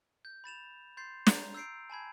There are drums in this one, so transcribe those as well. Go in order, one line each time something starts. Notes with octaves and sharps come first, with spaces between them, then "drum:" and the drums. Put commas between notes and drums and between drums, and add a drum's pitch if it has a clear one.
G6
B5 A6 E7 F7
C6 G6 A6 C7
A#5 F7, drum: snare
E6 G6 C7 D7
G#5 A5 B5 G#6